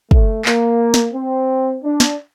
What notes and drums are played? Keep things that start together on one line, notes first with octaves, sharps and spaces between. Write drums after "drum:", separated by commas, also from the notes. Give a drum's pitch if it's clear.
A3, drum: kick
A#3, drum: clap
drum: snare
C4
D4
drum: snare